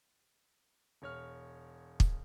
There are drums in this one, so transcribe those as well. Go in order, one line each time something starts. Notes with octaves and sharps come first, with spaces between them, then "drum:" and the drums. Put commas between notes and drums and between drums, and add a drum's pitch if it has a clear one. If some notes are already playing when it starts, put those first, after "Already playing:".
E1 C#5 F6
drum: kick